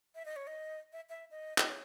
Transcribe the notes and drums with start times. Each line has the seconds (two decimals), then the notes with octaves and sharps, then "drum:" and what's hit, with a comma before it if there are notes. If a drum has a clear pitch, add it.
0.15 E5
0.25 D#5
0.36 C#5
0.47 D#5
0.93 E5
1.09 E5
1.31 D#5
1.58 D#5, drum: clap
1.69 C#5